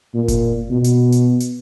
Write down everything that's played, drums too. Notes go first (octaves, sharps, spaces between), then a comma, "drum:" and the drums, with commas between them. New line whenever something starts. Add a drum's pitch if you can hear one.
A#2
drum: kick F#1, hi-hat
B2
drum: hi-hat
drum: hi-hat
drum: hi-hat